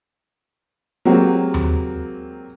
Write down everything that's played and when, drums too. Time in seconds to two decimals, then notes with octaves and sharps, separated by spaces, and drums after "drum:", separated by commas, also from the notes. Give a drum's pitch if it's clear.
1.05 F#3 G#3 A#3 C4 F#4 G4
1.54 drum: tom D#2